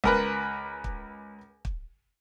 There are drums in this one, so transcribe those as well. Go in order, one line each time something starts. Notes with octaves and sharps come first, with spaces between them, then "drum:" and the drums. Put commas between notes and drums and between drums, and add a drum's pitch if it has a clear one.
C#2 A#4 B4, drum: kick
drum: kick
drum: kick